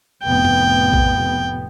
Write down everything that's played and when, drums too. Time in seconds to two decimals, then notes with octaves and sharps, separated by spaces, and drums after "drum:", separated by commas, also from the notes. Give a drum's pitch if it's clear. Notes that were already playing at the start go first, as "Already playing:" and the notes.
0.24 F1 A2 B3 G5
0.45 drum: tom
0.93 drum: kick A#1